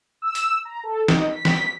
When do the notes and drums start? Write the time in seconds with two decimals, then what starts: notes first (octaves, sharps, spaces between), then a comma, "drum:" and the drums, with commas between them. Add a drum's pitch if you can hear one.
0.22 E6
0.35 drum: hi-hat
0.65 A#5
0.84 A4
1.08 D#4, drum: snare
1.31 B6
1.45 drum: snare